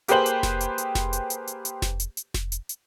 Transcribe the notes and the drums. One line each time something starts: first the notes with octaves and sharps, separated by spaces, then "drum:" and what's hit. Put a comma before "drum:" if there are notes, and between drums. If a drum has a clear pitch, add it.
A#3 G4 G#4 B4 C5 F#7, drum: hi-hat
drum: hi-hat
drum: snare F1
drum: hi-hat
drum: hi-hat
drum: snare F1
drum: hi-hat
drum: hi-hat
drum: hi-hat
drum: hi-hat
drum: snare F1
drum: hi-hat
drum: hi-hat
drum: snare F1
drum: hi-hat
drum: hi-hat